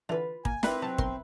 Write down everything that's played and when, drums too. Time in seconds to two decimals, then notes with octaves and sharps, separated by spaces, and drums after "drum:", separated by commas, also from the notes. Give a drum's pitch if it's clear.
0.09 D3 E3 F4 B4
0.45 A#3 G#5, drum: kick
0.63 A#3 C4 E4 B4 A#6, drum: snare
0.82 C3 F#3 A5
0.98 B1 A#4 C6, drum: kick